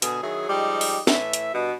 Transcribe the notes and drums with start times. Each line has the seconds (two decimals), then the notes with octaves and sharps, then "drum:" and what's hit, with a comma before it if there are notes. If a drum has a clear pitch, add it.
0.02 B2 D3 G#4, drum: hi-hat
0.23 D#3 F#3 E4 G#4
0.49 F3 G3 G#3 D#4 G4
0.81 drum: open hi-hat
1.07 A2 E3 E5, drum: snare
1.33 drum: hi-hat
1.53 G2 B2